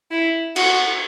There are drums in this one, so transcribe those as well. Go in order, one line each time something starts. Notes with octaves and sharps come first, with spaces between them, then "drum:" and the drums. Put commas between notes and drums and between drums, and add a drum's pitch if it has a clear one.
E4
F#4, drum: cymbal